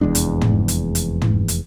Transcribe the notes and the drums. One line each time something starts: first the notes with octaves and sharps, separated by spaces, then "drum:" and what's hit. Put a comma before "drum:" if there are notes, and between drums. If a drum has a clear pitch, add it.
F1 E2 G#3 D4
drum: hi-hat
drum: tom
drum: hi-hat
drum: hi-hat
drum: tom
drum: hi-hat